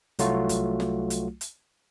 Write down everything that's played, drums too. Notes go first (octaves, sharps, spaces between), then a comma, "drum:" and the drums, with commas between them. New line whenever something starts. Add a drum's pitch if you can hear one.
C2 F#3 A3 F4 F#4, drum: hi-hat
drum: kick, hi-hat
drum: snare
drum: hi-hat
drum: hi-hat